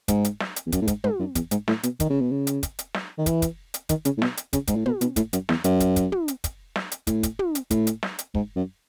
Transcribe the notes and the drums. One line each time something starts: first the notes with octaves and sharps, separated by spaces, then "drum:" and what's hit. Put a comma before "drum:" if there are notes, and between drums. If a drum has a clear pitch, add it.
G#2, drum: kick, hi-hat
drum: hi-hat
drum: snare
drum: hi-hat
E2
F#2, drum: kick, hi-hat
A2
G#2, drum: kick, hi-hat
G#2, drum: tom
F#2
E2, drum: kick, hi-hat
G#2, drum: hi-hat
A2, drum: snare
B2, drum: hi-hat
D#3, drum: kick, hi-hat
C#3
B2
C#3
drum: hi-hat
drum: kick, hi-hat
drum: hi-hat
drum: snare
D#3
E3, drum: kick, hi-hat
drum: kick, hi-hat
drum: hi-hat
D#3, drum: kick, hi-hat
C#3, drum: hi-hat
A2
B2, drum: snare
drum: hi-hat
C#3, drum: kick, hi-hat
G#2, drum: kick, hi-hat
A2
B2, drum: tom
B2, drum: hi-hat
A2, drum: kick, hi-hat
F#2, drum: hi-hat
E2, drum: snare
F#2, drum: hi-hat
drum: kick, hi-hat
drum: kick, hi-hat
drum: tom
drum: hi-hat
drum: kick, hi-hat
drum: snare
drum: hi-hat
A2, drum: kick, hi-hat
drum: kick, hi-hat
drum: tom
drum: hi-hat
A2, drum: kick, hi-hat
drum: hi-hat
drum: snare
drum: hi-hat
G#2, drum: kick
F#2